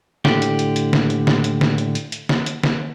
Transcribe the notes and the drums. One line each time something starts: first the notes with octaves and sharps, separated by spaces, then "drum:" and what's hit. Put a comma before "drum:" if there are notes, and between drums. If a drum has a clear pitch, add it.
A2 D3 G4, drum: snare
drum: hi-hat
drum: hi-hat
drum: hi-hat
drum: snare
drum: hi-hat
drum: snare
drum: hi-hat
drum: snare
drum: hi-hat
drum: hi-hat
drum: hi-hat
drum: snare
drum: hi-hat
drum: snare